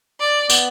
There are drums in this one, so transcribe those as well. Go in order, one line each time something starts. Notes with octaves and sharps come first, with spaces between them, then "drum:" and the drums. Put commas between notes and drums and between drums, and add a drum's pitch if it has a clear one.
D5
B3, drum: tambourine